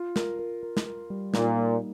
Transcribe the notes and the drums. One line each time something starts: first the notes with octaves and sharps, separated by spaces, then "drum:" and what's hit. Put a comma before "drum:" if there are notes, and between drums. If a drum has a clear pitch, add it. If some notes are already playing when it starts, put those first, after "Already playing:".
Already playing: F4
A#4, drum: snare
A#4
A#4
drum: snare
A#4
G3
A#2 D#4, drum: snare
A#3